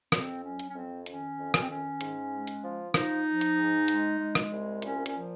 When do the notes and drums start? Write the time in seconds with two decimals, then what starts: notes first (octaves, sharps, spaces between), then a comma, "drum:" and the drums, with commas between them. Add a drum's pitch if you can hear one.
0.12 F2 C4, drum: rim click
0.44 F#3 C#4
0.59 drum: hi-hat
0.69 C#4
0.75 F2 C4
1.06 D#3 C#4, drum: hi-hat
1.38 F2
1.54 C#4, drum: rim click
1.61 C4
1.69 D#3 C#4
2.01 G#2, drum: hi-hat
2.32 G#3
2.47 drum: hi-hat
2.63 F3
2.94 F3 D#4, drum: rim click
3.26 F3
3.41 drum: hi-hat
3.56 G#2
3.88 G#3, drum: hi-hat
4.19 G#3
4.35 drum: rim click
4.51 C2
4.82 A#2 C#4, drum: hi-hat
5.06 C#4, drum: hi-hat
5.14 F3